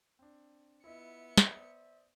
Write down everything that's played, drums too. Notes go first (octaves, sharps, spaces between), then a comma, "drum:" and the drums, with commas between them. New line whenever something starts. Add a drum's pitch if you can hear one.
C4 D4
B3 E4 F4 D#5 E5 C#7
drum: snare
C5 D5 D#6